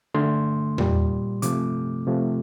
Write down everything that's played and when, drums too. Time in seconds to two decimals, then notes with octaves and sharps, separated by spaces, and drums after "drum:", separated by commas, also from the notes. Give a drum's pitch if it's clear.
0.14 D3 A3 C6
0.78 A#2 G3, drum: tom E2
1.42 C3 F3 A3 D6, drum: hi-hat
2.07 C3 F3 A3